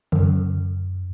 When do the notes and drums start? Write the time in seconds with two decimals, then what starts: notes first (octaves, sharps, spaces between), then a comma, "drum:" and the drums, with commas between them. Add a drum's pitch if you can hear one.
0.12 F#2, drum: tom C#3